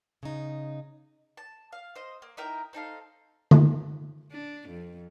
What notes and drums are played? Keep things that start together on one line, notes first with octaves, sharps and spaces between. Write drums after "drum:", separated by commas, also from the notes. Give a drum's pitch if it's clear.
C#3 D#4
A5
F5
C5 D#5
A#3
D#4 E4 A#4 G5
C4 D#4 A4 F5
drum: tom D3
D4
F2